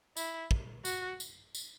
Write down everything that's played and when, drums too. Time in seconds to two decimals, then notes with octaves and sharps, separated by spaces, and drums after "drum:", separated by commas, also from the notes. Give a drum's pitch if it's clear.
0.17 E4, drum: tambourine
0.51 drum: kick
0.85 F#4, drum: tambourine
1.20 drum: tambourine
1.55 drum: tambourine